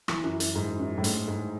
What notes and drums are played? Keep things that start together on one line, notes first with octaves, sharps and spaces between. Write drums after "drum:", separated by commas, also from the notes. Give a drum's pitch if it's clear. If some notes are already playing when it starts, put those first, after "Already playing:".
E3, drum: rim click
F#2
F#2, drum: hi-hat
G#2
F#2
A2
G#2, drum: hi-hat
G#2